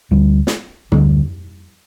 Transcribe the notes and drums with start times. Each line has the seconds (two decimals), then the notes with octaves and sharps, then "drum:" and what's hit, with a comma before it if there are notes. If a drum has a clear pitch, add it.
0.11 D2 D3 G3
0.47 drum: snare
0.92 D2 D3 G3, drum: tom